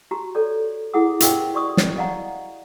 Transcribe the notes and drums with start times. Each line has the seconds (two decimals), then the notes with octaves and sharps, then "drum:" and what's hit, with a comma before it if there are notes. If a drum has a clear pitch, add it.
0.11 F#4 G4 A#5
0.35 A4 C#5 D5
0.94 E4 G#4 F#5 D#6
1.20 G4 A#4 C5 D#5 E5 G5, drum: hi-hat
1.54 F#4 D5 C#6 D#6
1.77 drum: snare
1.96 D5 D#5 F5 F#5 A#5